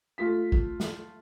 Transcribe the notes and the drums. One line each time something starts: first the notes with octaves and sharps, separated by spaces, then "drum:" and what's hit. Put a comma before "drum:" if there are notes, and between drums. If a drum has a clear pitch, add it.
A3 F4 B6
drum: kick
drum: snare